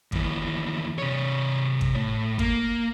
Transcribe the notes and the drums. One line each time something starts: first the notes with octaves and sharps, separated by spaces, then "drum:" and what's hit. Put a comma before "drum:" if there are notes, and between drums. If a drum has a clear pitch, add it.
D#2 E3, drum: kick
C3 C#5
drum: kick
A2
A#3, drum: kick